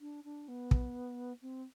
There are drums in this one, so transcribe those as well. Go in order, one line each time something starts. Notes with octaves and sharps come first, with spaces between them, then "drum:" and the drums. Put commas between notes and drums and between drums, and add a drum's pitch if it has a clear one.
D4
D4
B3
drum: kick
C4